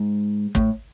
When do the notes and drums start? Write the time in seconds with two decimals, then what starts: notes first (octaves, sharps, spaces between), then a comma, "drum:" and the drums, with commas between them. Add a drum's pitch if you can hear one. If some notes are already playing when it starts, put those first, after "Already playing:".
Already playing: G#2
0.55 A2, drum: kick